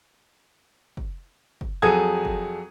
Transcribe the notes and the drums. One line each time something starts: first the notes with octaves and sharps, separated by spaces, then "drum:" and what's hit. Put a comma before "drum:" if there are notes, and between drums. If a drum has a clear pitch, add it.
drum: kick
drum: kick
F2 F#3 G#4 A4 D#6 G#6
drum: kick